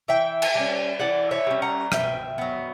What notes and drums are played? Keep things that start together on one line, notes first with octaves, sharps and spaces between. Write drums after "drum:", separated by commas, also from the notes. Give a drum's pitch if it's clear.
E3 E5 G5
drum: cymbal
G3 C#4
E3 D5 F#5
C#5 E5
G3 C#4
F#5 A#5
B2 E5 G5, drum: rim click
F#3 B3